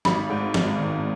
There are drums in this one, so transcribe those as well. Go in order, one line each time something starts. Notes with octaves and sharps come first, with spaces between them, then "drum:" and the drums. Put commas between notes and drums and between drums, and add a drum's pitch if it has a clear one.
G#1 B5, drum: snare
G#2
G#1, drum: snare
D#3